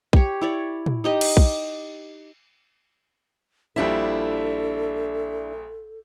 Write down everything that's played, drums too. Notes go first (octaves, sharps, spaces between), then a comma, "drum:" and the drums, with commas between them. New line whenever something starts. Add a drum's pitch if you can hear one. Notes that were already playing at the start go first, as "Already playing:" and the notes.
G4 C#5, drum: kick
E4 C#5 D5
drum: tom
D#4 G4 D#5
drum: cymbal
drum: kick
A#1 G3 D4 E4 A4 E5